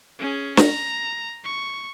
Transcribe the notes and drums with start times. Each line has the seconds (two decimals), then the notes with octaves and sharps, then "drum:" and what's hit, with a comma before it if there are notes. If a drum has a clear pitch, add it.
0.19 C#4 G#4
0.57 A#5, drum: snare
1.44 C#6